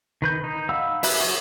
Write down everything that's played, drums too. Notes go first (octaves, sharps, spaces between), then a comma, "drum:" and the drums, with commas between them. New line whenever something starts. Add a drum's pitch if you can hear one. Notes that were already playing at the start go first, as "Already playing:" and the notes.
D#3 B4 G6
D#4
F5 F#5 B5 E6
B4 E5 B5 F#6, drum: open hi-hat
F#3 F#4